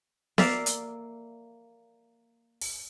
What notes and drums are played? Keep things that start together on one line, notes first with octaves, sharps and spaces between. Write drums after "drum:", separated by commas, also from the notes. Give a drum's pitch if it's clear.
A#3 D5 E5 F5, drum: snare B3
drum: hi-hat
drum: open hi-hat